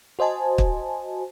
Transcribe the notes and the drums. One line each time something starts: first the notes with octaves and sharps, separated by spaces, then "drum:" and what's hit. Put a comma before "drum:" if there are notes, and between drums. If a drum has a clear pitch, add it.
F#4 C5 D#5 G#5 A5
drum: kick